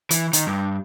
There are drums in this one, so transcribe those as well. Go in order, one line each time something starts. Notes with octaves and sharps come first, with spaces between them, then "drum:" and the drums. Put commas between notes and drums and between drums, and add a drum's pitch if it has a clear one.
E3, drum: hi-hat
D#3, drum: hi-hat
G2